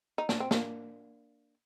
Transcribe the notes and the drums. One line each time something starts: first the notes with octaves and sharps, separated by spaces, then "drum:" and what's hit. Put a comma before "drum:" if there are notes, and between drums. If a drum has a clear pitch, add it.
D#4
D4, drum: snare
C4
A#3 D4, drum: snare